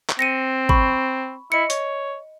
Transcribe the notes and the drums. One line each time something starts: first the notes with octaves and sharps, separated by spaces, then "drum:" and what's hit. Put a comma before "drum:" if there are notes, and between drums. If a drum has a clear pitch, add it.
drum: clap
C4 A#6 C#7 D#7
B5 C#6, drum: kick
E4 D#5 C#7
C#5, drum: hi-hat